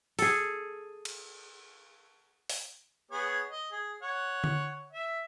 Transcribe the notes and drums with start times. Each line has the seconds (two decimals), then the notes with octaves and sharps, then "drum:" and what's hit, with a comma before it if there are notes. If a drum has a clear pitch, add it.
0.19 G#4 A4, drum: open hi-hat
1.05 drum: cymbal
2.49 drum: open hi-hat
3.11 B3 G#4 C#5
3.50 D#5
3.72 G#4
4.02 C#5 F#5
4.44 drum: tom D3
4.92 E5